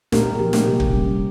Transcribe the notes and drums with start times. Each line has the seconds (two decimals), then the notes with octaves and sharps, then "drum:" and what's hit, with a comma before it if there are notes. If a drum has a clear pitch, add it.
0.12 A#2 G4 A#4, drum: snare
0.35 G#4
0.39 F3 A#3 G4
0.53 drum: snare
0.66 C3 G4
0.80 drum: kick
0.93 G3 C#4